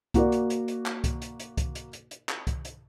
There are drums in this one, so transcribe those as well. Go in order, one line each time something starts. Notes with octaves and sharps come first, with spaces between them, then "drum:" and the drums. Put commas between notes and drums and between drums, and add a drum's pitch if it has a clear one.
A#3 F#4 A#4 D5, drum: kick C2, hi-hat
drum: hi-hat
drum: hi-hat
drum: hi-hat
drum: clap
drum: kick C2, hi-hat
drum: hi-hat
drum: hi-hat
drum: kick C2, hi-hat
drum: hi-hat
drum: hi-hat
drum: hi-hat
drum: clap
drum: kick C2, hi-hat
drum: hi-hat